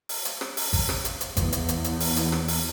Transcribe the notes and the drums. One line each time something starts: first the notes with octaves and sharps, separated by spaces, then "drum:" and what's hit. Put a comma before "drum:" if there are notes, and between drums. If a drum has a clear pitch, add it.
drum: open hi-hat
drum: hi-hat
drum: rim click
drum: open hi-hat
drum: kick G#1, open hi-hat
drum: rim click
drum: hi-hat
drum: hi-hat
E2, drum: kick G#1, hi-hat
drum: hi-hat
drum: hi-hat
drum: hi-hat
drum: open hi-hat
drum: hi-hat
drum: rim click
drum: open hi-hat